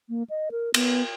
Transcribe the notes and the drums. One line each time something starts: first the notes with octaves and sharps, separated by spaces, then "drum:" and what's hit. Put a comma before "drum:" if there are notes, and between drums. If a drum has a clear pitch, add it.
A#3
D#5
A#4
B3, drum: cymbal